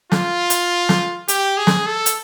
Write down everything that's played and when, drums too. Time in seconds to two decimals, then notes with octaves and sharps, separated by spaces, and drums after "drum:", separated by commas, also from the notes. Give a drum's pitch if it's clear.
0.12 F4, drum: snare
0.50 drum: hi-hat
0.89 drum: snare
1.28 G4, drum: hi-hat
1.57 G#4
1.67 drum: snare
1.87 A4
2.06 drum: hi-hat